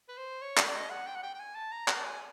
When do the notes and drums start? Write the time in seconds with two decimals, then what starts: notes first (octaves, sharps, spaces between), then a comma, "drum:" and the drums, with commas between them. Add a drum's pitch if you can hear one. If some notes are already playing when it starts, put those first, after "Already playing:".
0.09 B4
0.17 C5
0.42 C#5
0.57 D5, drum: clap
0.68 D5
0.75 D#5
0.90 F#5
1.07 G5
1.15 F#5
1.23 G5
1.34 G5
1.39 G#5
1.55 A5
1.72 A#5
1.88 A#5, drum: clap
1.98 A5
2.04 G#5